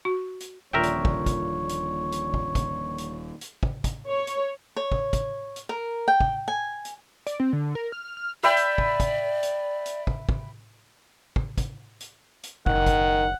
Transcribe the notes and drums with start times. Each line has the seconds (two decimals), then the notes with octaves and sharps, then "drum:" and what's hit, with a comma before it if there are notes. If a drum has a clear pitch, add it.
0.05 F#4
0.40 drum: hi-hat
0.73 D#1 A#2 D3 F3 A#4 C#5 E5 G5
0.83 drum: hi-hat
1.05 drum: kick
1.26 drum: kick, hi-hat
1.69 drum: hi-hat
2.12 drum: hi-hat
2.34 drum: kick
2.55 drum: kick, hi-hat
2.98 drum: hi-hat
3.41 drum: hi-hat
3.63 drum: kick
3.84 drum: kick, hi-hat
4.06 C#5
4.27 drum: hi-hat
4.76 C#5
4.92 drum: kick
5.13 drum: kick, hi-hat
5.56 drum: hi-hat
5.69 A#4
6.08 G5
6.20 drum: kick
6.48 G#5
6.85 drum: hi-hat
7.27 D5, drum: hi-hat
7.40 C4
7.53 D3
7.75 A#4
7.92 F6
8.17 F6
8.43 B4 D5 E5 G5
8.57 drum: hi-hat
8.78 drum: kick
9.00 drum: kick, hi-hat
9.43 drum: hi-hat
9.86 drum: hi-hat
10.07 drum: kick
10.29 drum: kick
11.36 drum: kick
11.58 drum: kick, hi-hat
12.00 drum: hi-hat
12.43 drum: hi-hat
12.66 F#1 D#3 F#5, drum: kick
12.86 drum: kick, hi-hat